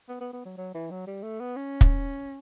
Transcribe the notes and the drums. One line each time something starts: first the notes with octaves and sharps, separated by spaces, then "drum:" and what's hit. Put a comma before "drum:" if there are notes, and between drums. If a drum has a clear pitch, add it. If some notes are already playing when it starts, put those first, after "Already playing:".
B3
B3
B3
F#3
F#3
E3
F#3
G3
A3
B3
C#4
drum: kick